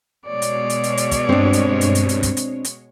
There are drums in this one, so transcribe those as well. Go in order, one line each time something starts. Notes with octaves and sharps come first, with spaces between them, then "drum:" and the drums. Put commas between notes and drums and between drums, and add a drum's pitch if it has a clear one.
B2 G#3 C#5 D5
drum: hi-hat
drum: hi-hat
drum: hi-hat
drum: hi-hat
drum: kick, hi-hat
G2 C4 D4
drum: hi-hat
drum: hi-hat
drum: hi-hat
drum: hi-hat
drum: kick, hi-hat
drum: hi-hat
drum: hi-hat